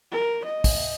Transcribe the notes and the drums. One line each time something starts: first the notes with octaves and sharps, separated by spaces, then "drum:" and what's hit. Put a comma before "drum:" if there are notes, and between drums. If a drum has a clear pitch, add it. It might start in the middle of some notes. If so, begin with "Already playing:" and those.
A#4
D#5
drum: kick, open hi-hat